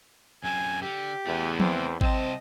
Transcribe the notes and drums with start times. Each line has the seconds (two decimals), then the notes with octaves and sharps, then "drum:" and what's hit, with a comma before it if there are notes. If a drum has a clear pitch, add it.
0.44 F#2 C4 G#5
0.83 D3 G4
1.27 E2 A3 B3
1.60 C4, drum: tom F3
2.01 C2 C4 D#5 A5, drum: kick G#1